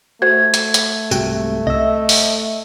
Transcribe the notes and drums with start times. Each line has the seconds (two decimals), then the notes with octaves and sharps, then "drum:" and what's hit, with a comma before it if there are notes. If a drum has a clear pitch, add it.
0.22 A3 F#4 C5 G#6
0.54 drum: hi-hat
0.74 drum: hi-hat
1.11 C2 G#2 C3 F#4 G5, drum: tambourine
1.67 C2 D#5 E5
2.09 drum: open hi-hat